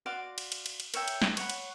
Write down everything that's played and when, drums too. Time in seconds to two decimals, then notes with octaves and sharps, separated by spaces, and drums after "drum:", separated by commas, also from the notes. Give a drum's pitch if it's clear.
0.06 F#4 D5 F5 C6
0.38 drum: cymbal
0.52 drum: cymbal
0.66 drum: cymbal
0.80 drum: cymbal
0.94 A#4 C#5 E5 G5, drum: cymbal
1.08 drum: cymbal
1.22 drum: snare
1.37 C#5 F#5 B5, drum: cymbal
1.50 drum: cymbal